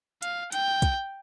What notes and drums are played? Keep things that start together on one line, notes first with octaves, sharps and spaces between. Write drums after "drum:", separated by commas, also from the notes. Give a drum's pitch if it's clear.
F5, drum: hi-hat
G5, drum: hi-hat
drum: kick, hi-hat